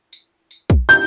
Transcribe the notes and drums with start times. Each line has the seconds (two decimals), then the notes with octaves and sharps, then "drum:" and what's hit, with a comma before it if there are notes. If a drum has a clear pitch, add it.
0.13 drum: tambourine
0.51 drum: tambourine
0.70 drum: kick
0.89 G6, drum: tambourine